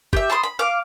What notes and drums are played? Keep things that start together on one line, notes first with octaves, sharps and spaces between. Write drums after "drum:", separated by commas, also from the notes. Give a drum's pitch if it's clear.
G4 E5, drum: kick
A5 B5 C6 D#6
B5
F5 D6